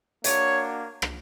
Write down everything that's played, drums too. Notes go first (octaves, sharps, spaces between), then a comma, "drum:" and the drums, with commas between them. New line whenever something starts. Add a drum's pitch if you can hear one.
A#3 D4 F#4 C#5, drum: hi-hat
drum: rim click